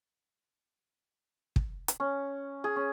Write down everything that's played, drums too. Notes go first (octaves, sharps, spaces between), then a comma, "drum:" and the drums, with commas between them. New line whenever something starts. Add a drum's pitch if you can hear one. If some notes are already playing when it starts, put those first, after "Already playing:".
drum: kick
drum: hi-hat
C#4
G#4
C#4